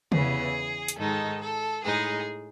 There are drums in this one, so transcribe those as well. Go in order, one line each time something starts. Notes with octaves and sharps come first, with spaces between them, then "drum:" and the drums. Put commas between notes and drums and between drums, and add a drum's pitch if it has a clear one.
E2 C#3 E3 B3 G#4, drum: tom
drum: hi-hat
G#2 D#3 G#3 D#4 A4
A4
A2 G#3 D#4 G#4